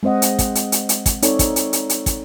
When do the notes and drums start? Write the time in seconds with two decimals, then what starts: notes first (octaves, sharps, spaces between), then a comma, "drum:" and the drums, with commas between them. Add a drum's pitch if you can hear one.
0.03 G#3 C4 C5 D#5 F#5
0.22 drum: hi-hat
0.39 drum: kick, hi-hat
0.55 drum: hi-hat
0.72 drum: hi-hat
0.89 drum: hi-hat
1.06 drum: kick, hi-hat
1.22 C4 D#4 A4 C#5 D5, drum: hi-hat
1.39 drum: kick, hi-hat
1.56 drum: hi-hat
1.73 drum: hi-hat
1.89 drum: hi-hat
2.06 drum: kick, hi-hat